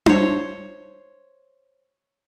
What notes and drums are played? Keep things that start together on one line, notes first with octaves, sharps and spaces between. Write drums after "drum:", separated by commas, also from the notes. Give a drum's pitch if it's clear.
C5 C#5, drum: tom D4